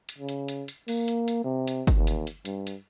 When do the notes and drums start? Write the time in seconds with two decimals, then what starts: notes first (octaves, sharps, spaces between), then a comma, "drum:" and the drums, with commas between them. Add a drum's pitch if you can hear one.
0.09 drum: hi-hat
0.18 C#3
0.29 drum: hi-hat
0.48 drum: hi-hat
0.68 drum: hi-hat
0.88 A#3, drum: open hi-hat
1.08 drum: hi-hat
1.28 drum: hi-hat
1.44 C3
1.68 drum: hi-hat
1.87 drum: kick G1, hi-hat
1.97 D#2
2.07 drum: hi-hat
2.27 drum: hi-hat
2.45 G2, drum: hi-hat
2.67 drum: hi-hat